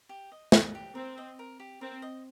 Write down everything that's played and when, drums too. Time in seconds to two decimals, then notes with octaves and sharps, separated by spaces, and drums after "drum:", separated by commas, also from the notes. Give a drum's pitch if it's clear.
0.09 G4
0.32 D#5
0.52 D#5, drum: snare
0.75 G4
0.95 C4 A#4
1.18 D#5
1.39 A#4
1.60 G4
1.81 C4 A#4
2.02 D#5